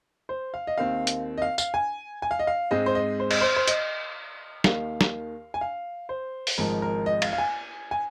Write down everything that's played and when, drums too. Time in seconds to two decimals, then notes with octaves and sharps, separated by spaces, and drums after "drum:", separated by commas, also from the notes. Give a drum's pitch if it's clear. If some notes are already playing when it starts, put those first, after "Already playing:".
0.29 C5
0.54 F5
0.67 D#5
0.78 D#2 D#3 C4 F5
1.07 drum: hi-hat
1.38 D#5
1.42 F5
1.58 F5, drum: tambourine
1.74 G#5
2.22 G#5
2.31 F5
2.39 D#5
2.47 F5
2.71 G#2 G#3 C4 D#5
2.86 C5
2.95 D#5
3.20 C5
3.31 D#5, drum: cymbal
3.41 C5
3.56 C5
3.67 D#5, drum: hi-hat
4.64 D#2 D#3 A#3 F5, drum: snare
5.01 drum: snare
5.54 G#5
5.61 F5
6.09 C5
6.47 drum: open hi-hat
6.58 G#1 G#2 F3 A#4
6.82 A#4
7.06 D#5
7.22 F5, drum: cymbal
7.33 F5
7.38 G#5
7.91 G#5